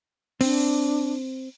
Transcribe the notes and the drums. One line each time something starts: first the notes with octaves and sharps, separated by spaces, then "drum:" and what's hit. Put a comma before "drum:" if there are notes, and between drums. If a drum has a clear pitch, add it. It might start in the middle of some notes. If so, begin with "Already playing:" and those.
C4 D4, drum: open hi-hat